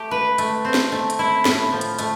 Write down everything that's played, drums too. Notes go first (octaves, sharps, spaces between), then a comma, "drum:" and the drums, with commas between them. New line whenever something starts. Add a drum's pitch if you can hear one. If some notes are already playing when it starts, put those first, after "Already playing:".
Already playing: A3 G4
B4
A3, drum: hi-hat
C4
drum: snare
A3
drum: hi-hat
E4
A2, drum: snare
F3
drum: hi-hat
A3, drum: hi-hat